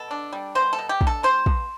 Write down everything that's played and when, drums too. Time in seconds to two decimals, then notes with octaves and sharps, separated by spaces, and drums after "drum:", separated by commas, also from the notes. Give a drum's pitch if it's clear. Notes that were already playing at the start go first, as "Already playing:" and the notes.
Already playing: B2 A4
0.11 D4
0.33 G3
0.55 B2 C5
0.73 A4
0.79 B2
0.89 G4
1.01 D4, drum: kick
1.07 A4
1.23 G3 C5
1.46 B2, drum: kick